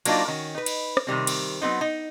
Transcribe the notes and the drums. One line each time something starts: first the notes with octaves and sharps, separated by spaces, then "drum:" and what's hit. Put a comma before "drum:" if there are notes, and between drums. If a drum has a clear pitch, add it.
F#3 A#3 D4 D#4 F4, drum: cymbal
D#3 C#4 F#4
D#4 B4
drum: cymbal
drum: rim click
C3 D#3 G3 C4
drum: cymbal
F#3 B3 C4 D#4
D#4